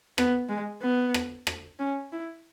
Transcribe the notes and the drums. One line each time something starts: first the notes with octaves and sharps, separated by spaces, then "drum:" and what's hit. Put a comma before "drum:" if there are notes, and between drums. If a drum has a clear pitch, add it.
B3, drum: rim click
G#3
B3
drum: rim click
drum: rim click
C#4
E4